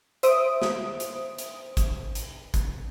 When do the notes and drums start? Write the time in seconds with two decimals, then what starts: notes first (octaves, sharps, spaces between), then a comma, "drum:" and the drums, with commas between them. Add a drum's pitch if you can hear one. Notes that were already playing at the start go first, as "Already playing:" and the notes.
0.23 C5 E5 D#6 D7, drum: hi-hat
0.62 drum: snare
1.00 drum: hi-hat
1.38 drum: hi-hat
1.77 drum: kick, hi-hat
2.15 drum: hi-hat
2.54 drum: kick, hi-hat